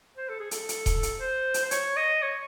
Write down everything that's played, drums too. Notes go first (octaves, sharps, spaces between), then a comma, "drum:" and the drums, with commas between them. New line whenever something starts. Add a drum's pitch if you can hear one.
C5
A4
G#4
A4, drum: hi-hat
drum: hi-hat
drum: kick D#1, hi-hat
drum: hi-hat
C5
drum: hi-hat
C5
C#5, drum: hi-hat
D#5
C#5